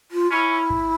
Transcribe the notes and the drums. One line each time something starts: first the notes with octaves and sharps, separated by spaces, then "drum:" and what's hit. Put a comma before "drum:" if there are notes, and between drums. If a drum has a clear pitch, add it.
F4
C#4 E4
drum: kick G#1